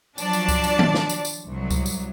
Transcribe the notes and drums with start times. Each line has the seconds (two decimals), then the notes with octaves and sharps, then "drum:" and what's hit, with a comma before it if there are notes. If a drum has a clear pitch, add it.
0.18 F3 F#3 D4 D5 A5, drum: tambourine
0.33 drum: tambourine
0.48 drum: kick C#2, tambourine
0.64 drum: tambourine
0.79 drum: tom D#3
0.94 drum: snare
1.09 drum: tambourine
1.25 drum: tambourine
1.48 C2 F#3
1.70 drum: kick C#2, tambourine
1.86 drum: tambourine